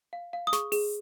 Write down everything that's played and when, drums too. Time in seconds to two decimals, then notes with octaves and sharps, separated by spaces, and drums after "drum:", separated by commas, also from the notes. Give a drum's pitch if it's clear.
0.13 F5
0.33 F5
0.47 D#6
0.53 G#4 C#6, drum: snare
0.72 G#4, drum: open hi-hat